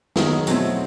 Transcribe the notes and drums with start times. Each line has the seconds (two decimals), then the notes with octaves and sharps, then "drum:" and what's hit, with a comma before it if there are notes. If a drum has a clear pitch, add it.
0.16 D#3 F#3 B3 D#4 G#4, drum: snare
0.47 B2 F#3 A3 C4 E4, drum: hi-hat